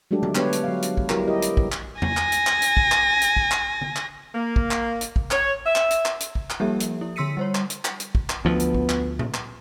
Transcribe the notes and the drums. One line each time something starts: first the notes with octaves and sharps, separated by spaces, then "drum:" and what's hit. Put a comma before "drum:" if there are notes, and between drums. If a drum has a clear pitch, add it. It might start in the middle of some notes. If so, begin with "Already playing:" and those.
F#3 G#3 A3 D4 G4 A4
drum: tom D3
D3 G3 B3 G4 B4 C#5, drum: clap
drum: hi-hat
F#3 F5
drum: hi-hat
drum: kick
F#3 G3 E4 G4 A#4, drum: clap
E4 G4 A#4 D#5
drum: hi-hat
drum: kick
drum: clap
G#5 A#6, drum: tom E2
drum: clap
drum: hi-hat
drum: clap
drum: hi-hat
drum: kick
drum: clap
drum: hi-hat
drum: kick
drum: clap
drum: tom D3
drum: clap
A#3
drum: kick
drum: clap
drum: hi-hat
drum: kick
C#5, drum: clap
E5
drum: clap
drum: hi-hat
drum: clap
drum: hi-hat
drum: kick
drum: clap
F3 G3 A#3 G4 A4 E5
drum: hi-hat
E4
D3 C6 E6 B6 C#7 D#7
G3 C5 C#5
drum: clap
drum: hi-hat
drum: clap
drum: hi-hat
drum: kick
drum: clap
D2 F3 B3
drum: hi-hat
drum: kick
drum: clap
drum: tom A#2
drum: clap